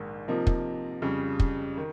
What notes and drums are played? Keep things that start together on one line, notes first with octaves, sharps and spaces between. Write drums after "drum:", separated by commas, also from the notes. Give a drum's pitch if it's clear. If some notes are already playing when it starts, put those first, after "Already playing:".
Already playing: A#1 G#2 D#3
C3 F3 A#3 D#4
drum: kick
F2 C#3 G3
drum: kick
D#3